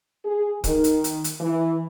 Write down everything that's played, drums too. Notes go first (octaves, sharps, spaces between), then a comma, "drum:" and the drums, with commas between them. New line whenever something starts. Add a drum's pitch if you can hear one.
G#4
D#3, drum: kick, hi-hat
drum: hi-hat
drum: hi-hat
drum: hi-hat
E3